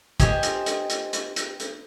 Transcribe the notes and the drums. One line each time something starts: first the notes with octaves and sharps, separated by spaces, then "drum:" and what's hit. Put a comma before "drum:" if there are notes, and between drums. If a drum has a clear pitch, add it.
G4 C5 D#5 G#5, drum: kick, hi-hat
drum: hi-hat
drum: hi-hat
drum: hi-hat
drum: hi-hat
drum: hi-hat
drum: hi-hat